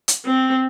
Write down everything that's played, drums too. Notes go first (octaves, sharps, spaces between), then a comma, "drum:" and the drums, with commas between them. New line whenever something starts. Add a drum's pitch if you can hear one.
drum: hi-hat
C4